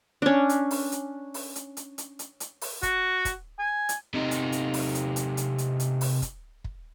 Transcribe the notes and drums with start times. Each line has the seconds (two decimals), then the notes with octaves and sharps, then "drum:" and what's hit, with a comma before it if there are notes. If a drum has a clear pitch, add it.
0.22 C#4 D4
0.49 drum: hi-hat
0.71 drum: open hi-hat
0.92 drum: hi-hat
1.34 drum: open hi-hat
1.55 drum: hi-hat
1.77 drum: hi-hat
1.98 drum: hi-hat
2.19 drum: hi-hat
2.40 drum: hi-hat
2.61 drum: open hi-hat
2.83 F#4, drum: kick, hi-hat
3.25 drum: kick, hi-hat
3.59 G#5
3.89 drum: hi-hat
4.14 C3 D#4
4.31 drum: hi-hat
4.52 drum: hi-hat
4.74 drum: open hi-hat
4.95 drum: hi-hat
5.16 drum: hi-hat
5.37 drum: hi-hat
5.58 drum: hi-hat
5.80 drum: hi-hat
6.01 drum: open hi-hat
6.22 drum: kick, hi-hat
6.64 drum: kick